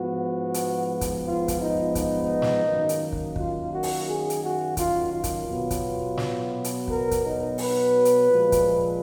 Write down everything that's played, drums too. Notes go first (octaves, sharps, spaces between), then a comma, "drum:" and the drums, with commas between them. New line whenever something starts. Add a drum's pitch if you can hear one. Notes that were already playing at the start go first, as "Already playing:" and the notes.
Already playing: G#2 F3 B3 F#4
drum: hi-hat
drum: kick, hi-hat
F4
drum: kick, hi-hat
D#4
D#4, drum: kick, hi-hat
drum: snare
F#2 D#3 A#3
drum: hi-hat
drum: kick
F4, drum: kick
F#4
drum: open hi-hat
G#4
drum: hi-hat
F#4
F4, drum: kick, hi-hat
F4
drum: kick, hi-hat
B2 F#3 B3
drum: kick, hi-hat
drum: snare
drum: hi-hat
A#4, drum: kick
drum: kick, hi-hat
D#4
B4, drum: open hi-hat
drum: hi-hat
A#2 F3 G#3
drum: kick, hi-hat